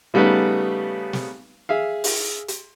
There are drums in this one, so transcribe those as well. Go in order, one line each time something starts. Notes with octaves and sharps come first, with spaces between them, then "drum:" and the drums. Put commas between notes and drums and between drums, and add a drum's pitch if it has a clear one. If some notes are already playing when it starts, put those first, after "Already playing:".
C#3 G3 A3 B3 D#4 B4
drum: snare
G#4 E5 F5
drum: open hi-hat
drum: hi-hat